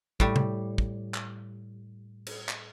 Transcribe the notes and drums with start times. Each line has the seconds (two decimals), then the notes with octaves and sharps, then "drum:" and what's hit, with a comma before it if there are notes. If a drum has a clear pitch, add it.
0.20 A2 G3, drum: kick
0.36 drum: tom C3
0.78 drum: kick
1.14 drum: clap
2.27 drum: cymbal
2.49 drum: clap